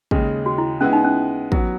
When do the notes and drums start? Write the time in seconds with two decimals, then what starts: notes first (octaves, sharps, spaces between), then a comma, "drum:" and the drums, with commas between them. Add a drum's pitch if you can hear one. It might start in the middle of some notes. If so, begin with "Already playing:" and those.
0.11 D#2 C#3 G#3, drum: kick
0.46 F#4
0.58 E4
0.81 G#3 B3 C#4 E4
0.93 D#4
1.04 C#4
1.52 F#3 B3 F#4, drum: kick